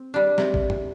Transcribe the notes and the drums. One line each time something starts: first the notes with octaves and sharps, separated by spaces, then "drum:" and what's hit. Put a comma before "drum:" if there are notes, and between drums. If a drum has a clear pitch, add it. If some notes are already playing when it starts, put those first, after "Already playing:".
Already playing: C4
G3 D4
C3, drum: snare
drum: kick
drum: tom G2